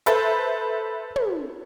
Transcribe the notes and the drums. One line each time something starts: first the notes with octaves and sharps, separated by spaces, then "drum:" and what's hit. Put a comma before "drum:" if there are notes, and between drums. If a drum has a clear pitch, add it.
A4 B4 C5 E5, drum: hi-hat
drum: tom